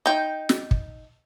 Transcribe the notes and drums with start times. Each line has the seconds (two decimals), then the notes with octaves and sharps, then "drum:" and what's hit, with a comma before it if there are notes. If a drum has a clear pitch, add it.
0.06 D#4 G5
0.49 drum: snare
0.71 drum: kick